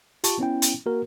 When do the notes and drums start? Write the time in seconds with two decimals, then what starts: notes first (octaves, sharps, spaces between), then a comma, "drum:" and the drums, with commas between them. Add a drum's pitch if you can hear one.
0.24 F4 G4 A5 C#6, drum: hi-hat
0.39 B3 C#4 E4 G5
0.62 drum: hi-hat
0.86 A#3 F#4 A#4